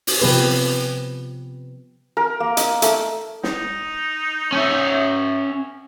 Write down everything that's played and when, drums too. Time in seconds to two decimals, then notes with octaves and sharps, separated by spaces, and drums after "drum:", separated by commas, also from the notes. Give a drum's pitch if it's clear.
0.07 drum: open hi-hat
0.21 C3 F3 B3 G4 B4
2.17 A#4
2.40 A#3
2.57 D#5, drum: hi-hat
2.82 A3, drum: hi-hat
3.43 D#4, drum: snare
4.52 C#4 E5